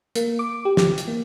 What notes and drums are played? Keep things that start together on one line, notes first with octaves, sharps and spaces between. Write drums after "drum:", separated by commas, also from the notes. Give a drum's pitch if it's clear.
A#3, drum: hi-hat
D6
G4
drum: snare
drum: hi-hat
A#3